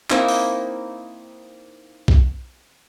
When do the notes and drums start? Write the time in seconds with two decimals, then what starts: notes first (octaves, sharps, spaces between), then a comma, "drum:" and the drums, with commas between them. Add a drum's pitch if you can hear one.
0.10 A#3 C4 D#4 E4, drum: clap
0.28 drum: open hi-hat
2.08 drum: kick